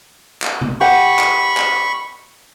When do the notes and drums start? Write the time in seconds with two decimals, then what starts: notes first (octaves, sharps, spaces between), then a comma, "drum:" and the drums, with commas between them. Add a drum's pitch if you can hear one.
0.42 drum: clap
0.61 drum: tom C#3
0.81 G4 F#5 B5 C#6
1.19 drum: clap
1.57 drum: clap